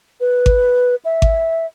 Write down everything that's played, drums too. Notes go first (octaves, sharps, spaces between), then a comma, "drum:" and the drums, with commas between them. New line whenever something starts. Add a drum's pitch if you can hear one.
B4
drum: kick G#1
E5
drum: kick G#1